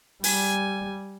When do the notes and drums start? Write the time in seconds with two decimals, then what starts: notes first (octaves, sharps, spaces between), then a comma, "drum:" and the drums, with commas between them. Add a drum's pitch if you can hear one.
0.24 G3 G#5, drum: open hi-hat